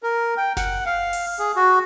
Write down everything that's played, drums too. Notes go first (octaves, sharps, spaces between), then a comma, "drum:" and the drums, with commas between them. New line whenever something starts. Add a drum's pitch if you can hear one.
A#4
G5
F#5, drum: snare F#1
F5
drum: open hi-hat
G#4
F#4